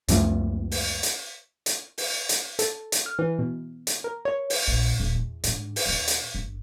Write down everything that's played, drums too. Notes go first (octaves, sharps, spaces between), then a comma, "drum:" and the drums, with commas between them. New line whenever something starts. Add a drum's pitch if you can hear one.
C#2 F#2 F3 A3, drum: hi-hat
drum: open hi-hat
drum: hi-hat
drum: hi-hat
drum: open hi-hat
drum: hi-hat
A4, drum: hi-hat
drum: hi-hat
F6
E3
B2
drum: hi-hat
A#4
C#5
drum: open hi-hat
A#1
D#1
E2
G#2 D3, drum: hi-hat
drum: open hi-hat
D#2 B2
drum: hi-hat
G1